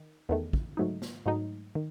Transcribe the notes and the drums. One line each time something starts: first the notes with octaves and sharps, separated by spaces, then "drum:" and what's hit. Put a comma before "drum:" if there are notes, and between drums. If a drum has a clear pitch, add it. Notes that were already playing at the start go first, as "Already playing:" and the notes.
Already playing: D#3
E2 D#3 A3
drum: kick
G#2 F#3 A3 D#4
drum: snare
G#2 F#3 A3 D#4
D#3